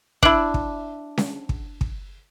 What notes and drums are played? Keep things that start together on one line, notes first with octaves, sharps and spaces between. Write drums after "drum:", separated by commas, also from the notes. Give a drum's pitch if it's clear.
D4 E4, drum: kick
drum: kick
drum: snare C#4
drum: kick
drum: kick